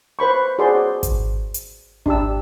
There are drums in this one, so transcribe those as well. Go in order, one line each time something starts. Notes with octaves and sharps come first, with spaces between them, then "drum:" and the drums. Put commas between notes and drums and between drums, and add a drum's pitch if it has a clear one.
B4 C5 B5 C#6
F#4 G#4 C5 D5 C6
drum: kick G#1, hi-hat
drum: hi-hat
D4 G4 E6, drum: kick G#1